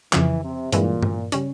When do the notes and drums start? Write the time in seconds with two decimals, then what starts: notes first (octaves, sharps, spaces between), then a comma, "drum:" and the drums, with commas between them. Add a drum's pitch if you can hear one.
0.13 F2 C#3 E3 F3, drum: clap
0.43 C3
0.73 G2 A#2 E3 G#3, drum: hi-hat
1.03 drum: tom G2
1.32 C#3 G3 C#4, drum: hi-hat